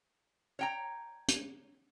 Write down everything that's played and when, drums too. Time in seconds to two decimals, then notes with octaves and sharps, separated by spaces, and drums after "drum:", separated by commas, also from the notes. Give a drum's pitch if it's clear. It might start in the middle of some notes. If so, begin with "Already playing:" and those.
0.59 C#5 G5 A#5
1.28 drum: hi-hat